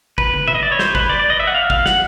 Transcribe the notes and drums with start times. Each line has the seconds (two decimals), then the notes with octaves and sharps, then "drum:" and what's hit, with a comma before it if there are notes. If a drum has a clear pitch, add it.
0.18 B4, drum: kick
0.34 drum: tom
0.48 E5, drum: tom A#2
0.55 D#5
0.63 D5
0.72 C#5
0.79 C5, drum: snare
0.95 B4, drum: kick
1.09 D5
1.20 D5
1.30 D#5
1.40 E5
1.47 F#5
1.55 F5
1.70 F5, drum: kick
1.86 F#5, drum: snare